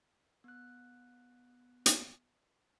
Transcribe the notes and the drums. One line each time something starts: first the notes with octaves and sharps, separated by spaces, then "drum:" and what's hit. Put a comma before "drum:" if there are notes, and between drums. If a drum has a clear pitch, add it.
B3 F#6
drum: hi-hat